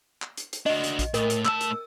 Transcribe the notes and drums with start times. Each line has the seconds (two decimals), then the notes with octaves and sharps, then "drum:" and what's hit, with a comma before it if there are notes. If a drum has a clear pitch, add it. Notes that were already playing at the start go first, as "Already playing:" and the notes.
0.22 drum: clap
0.37 drum: hi-hat
0.53 drum: hi-hat
0.66 D4 F#4 D#5, drum: open hi-hat
0.84 drum: hi-hat
0.99 drum: kick A#1, hi-hat
1.14 A2 A#4, drum: hi-hat
1.30 drum: hi-hat
1.45 A2 A5 E6, drum: clap
1.61 drum: hi-hat